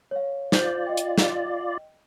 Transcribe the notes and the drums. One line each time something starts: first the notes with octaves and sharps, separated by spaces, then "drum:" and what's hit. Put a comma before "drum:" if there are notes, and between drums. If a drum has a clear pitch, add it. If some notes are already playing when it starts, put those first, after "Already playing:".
C#5 F5
F4 C5 D5 G6 F#7, drum: snare
D#5 G5
drum: hi-hat
drum: snare